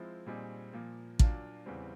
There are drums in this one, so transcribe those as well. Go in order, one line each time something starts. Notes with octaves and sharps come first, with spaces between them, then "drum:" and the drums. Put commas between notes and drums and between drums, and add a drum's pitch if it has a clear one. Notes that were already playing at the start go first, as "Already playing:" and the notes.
Already playing: F3 G#3 C4 E4
A#2 G3 C4 D#4 G#4
A#2 F3 A#3
A#2 F#3 A#3 D4 F4, drum: kick
E2 C#3 E3 G3 C4